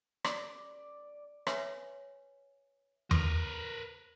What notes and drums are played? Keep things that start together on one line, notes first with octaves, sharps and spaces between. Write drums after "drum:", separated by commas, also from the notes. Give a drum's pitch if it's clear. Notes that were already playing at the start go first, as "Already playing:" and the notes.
D5, drum: rim click
B4 C#5 E5 G#5, drum: rim click
A#4 B4, drum: tom E2